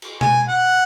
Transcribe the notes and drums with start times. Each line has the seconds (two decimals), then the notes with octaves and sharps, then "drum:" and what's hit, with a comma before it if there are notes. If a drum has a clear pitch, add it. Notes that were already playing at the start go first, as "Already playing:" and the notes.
0.02 drum: cymbal
0.21 G#5, drum: tom B2
0.49 F#5